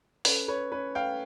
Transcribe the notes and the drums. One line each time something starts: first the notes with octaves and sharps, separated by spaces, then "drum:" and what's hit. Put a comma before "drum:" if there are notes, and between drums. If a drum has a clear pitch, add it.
C#4 A4 B4, drum: open hi-hat
B4 C#5
C#4 B4 C#5
F5 G5